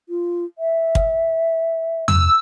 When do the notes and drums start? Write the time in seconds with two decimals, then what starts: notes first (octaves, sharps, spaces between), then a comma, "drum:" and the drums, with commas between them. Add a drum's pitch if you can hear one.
0.09 F4
0.59 E5
0.95 drum: kick
2.08 E6, drum: tom E2